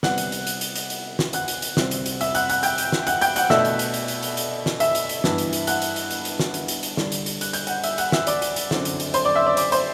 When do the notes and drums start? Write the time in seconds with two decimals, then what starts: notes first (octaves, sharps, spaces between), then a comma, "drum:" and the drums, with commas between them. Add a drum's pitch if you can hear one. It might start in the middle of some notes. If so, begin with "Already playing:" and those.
0.03 C3 G3 B3 F#5 F#6, drum: snare
0.18 drum: hi-hat
0.32 drum: hi-hat
0.47 drum: hi-hat
0.61 drum: hi-hat
0.76 drum: hi-hat
0.90 drum: hi-hat
1.19 drum: snare
1.33 F#5 F#6, drum: hi-hat
1.48 drum: hi-hat
1.62 drum: hi-hat
1.77 C3 G3 C4, drum: snare
1.91 drum: hi-hat
2.06 drum: hi-hat
2.21 E5 E6, drum: hi-hat
2.35 F#5 F#6, drum: hi-hat
2.50 F#5 F#6, drum: hi-hat
2.63 G5 G6, drum: hi-hat
2.78 drum: hi-hat
2.92 drum: snare
3.07 F#5 F#6, drum: hi-hat
3.21 G5 G6, drum: hi-hat
3.36 F#5 F#6, drum: hi-hat
3.50 B2 A3 D4 E5 E6, drum: snare
3.65 drum: hi-hat
3.79 drum: hi-hat
3.94 drum: hi-hat
4.08 drum: hi-hat
4.23 drum: hi-hat
4.37 drum: hi-hat
4.66 drum: snare
4.80 E5 E6, drum: hi-hat
4.95 drum: hi-hat
5.09 drum: hi-hat
5.24 G2 E3 B3, drum: snare
5.38 drum: hi-hat
5.53 drum: hi-hat
5.67 F#5 F#6, drum: hi-hat
5.82 drum: hi-hat
5.96 drum: hi-hat
6.11 drum: hi-hat
6.25 drum: hi-hat
6.39 drum: snare
6.54 drum: hi-hat
6.68 drum: hi-hat
6.83 drum: hi-hat
6.97 D3 G3 D4, drum: snare
7.12 drum: hi-hat
7.26 drum: hi-hat
7.41 F#6, drum: hi-hat
7.53 G6, drum: hi-hat
7.67 F#5 F#6, drum: hi-hat
7.84 E5 E6, drum: hi-hat
7.98 F#5 F#6, drum: hi-hat
8.12 E5 E6, drum: snare
8.27 D5 D6, drum: hi-hat
8.42 drum: hi-hat
8.56 drum: hi-hat
8.71 F#2 D3 F#3 C4, drum: snare
8.85 drum: hi-hat
9.00 drum: hi-hat
9.14 C5 C6, drum: hi-hat
9.25 D5 D6
9.35 E5 E6
9.46 D5 D6
9.57 D5 D6, drum: hi-hat
9.72 C5 C6, drum: hi-hat